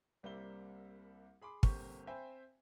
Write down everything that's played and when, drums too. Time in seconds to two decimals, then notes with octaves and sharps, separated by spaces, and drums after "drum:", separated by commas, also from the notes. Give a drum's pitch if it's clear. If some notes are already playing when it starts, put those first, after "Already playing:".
0.23 C2 G3 A#3 C4 E5 G7
1.41 G#4 B5 C6 D6
1.63 G1 A#3 C4 G4 C#6, drum: kick
2.07 C4 C5 E5 G5 G#5 B5